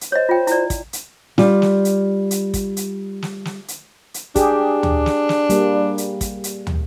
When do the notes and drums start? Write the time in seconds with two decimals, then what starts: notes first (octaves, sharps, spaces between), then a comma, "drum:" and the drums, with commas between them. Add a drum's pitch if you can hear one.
0.01 drum: hi-hat
0.12 C5 C#5 D#5
0.29 F4 G5
0.47 E4 D5, drum: hi-hat
0.70 drum: kick, hi-hat
0.93 drum: hi-hat
1.38 G3 F4, drum: snare
1.62 drum: snare
1.85 drum: hi-hat
2.31 drum: hi-hat
2.54 drum: kick, hi-hat
2.77 drum: hi-hat
3.22 drum: snare
3.45 drum: snare
3.68 drum: hi-hat
4.14 drum: hi-hat
4.36 D4 G4 G#4, drum: kick, hi-hat
4.83 drum: tom
5.06 drum: snare
5.29 drum: snare
5.50 G3 A#3, drum: hi-hat
5.98 drum: hi-hat
6.21 drum: kick, hi-hat
6.44 drum: hi-hat
6.67 drum: tom